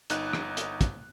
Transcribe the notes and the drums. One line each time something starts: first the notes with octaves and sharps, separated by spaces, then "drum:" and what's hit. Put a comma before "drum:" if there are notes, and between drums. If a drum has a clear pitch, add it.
G1 D#4 F#6, drum: hi-hat
drum: rim click
drum: hi-hat
drum: kick, hi-hat